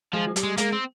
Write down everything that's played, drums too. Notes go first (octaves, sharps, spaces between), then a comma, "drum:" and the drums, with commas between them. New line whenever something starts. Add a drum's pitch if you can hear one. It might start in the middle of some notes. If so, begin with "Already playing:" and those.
F3 G#3
F3
G3, drum: hi-hat
G#3
G#3 A#3, drum: hi-hat
C4